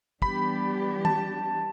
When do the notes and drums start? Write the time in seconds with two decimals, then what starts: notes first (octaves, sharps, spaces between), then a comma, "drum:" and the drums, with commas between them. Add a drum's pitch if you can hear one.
0.22 E3 G3 B3 D4 G4 B5, drum: kick
1.05 A5, drum: tom